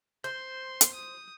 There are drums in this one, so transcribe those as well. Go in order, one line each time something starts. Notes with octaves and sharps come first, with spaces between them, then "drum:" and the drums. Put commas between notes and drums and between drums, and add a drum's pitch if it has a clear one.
C5 C6 G6
drum: hi-hat
D#6